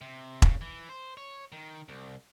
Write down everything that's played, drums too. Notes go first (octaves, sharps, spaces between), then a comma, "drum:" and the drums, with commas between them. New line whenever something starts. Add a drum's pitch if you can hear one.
C3
C#3, drum: kick E1
E3
C5
C#5
D#3
C2